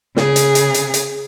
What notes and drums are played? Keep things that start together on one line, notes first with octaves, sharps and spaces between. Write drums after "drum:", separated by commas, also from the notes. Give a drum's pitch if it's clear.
C#3 G#4, drum: snare
drum: hi-hat
drum: hi-hat
drum: hi-hat
drum: hi-hat